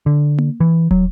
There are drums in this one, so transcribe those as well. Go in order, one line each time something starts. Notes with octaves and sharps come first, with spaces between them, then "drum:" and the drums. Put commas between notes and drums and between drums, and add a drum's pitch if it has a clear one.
D3
drum: tom A#3
E3
F#3, drum: kick